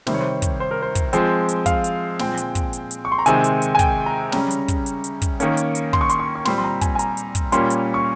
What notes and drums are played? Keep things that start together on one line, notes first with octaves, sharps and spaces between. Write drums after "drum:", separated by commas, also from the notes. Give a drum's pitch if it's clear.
C3 D#3 G3 C5, drum: snare
C#5
C5
drum: kick, hi-hat
C5
A#4
C5
drum: kick, hi-hat
F3 G#3 C4, drum: hi-hat
drum: hi-hat
F5, drum: kick, hi-hat
drum: hi-hat
A#2 G#3 C4 G5, drum: snare
drum: hi-hat
drum: kick, hi-hat
drum: hi-hat
drum: hi-hat
C#6
C6
A#5
C3 D#3 G#3 C4 G#5, drum: hi-hat
drum: hi-hat
drum: hi-hat
G#5
G5, drum: kick, hi-hat
A#5
C#3 G3 C#4 A#5, drum: snare
drum: hi-hat
drum: kick, hi-hat
drum: hi-hat
drum: hi-hat
drum: kick, hi-hat
D#3 A#3 C#4, drum: hi-hat
drum: hi-hat
drum: hi-hat
C6, drum: kick
C#6
C6, drum: hi-hat
C#6
C#6
A#2 G3 C4 C6, drum: snare
C6
A#5
G#5, drum: kick, hi-hat
G#5
A#5, drum: hi-hat
drum: hi-hat
drum: kick, hi-hat
A#2 G3 A#3 C#4 C6, drum: hi-hat
drum: hi-hat
C#6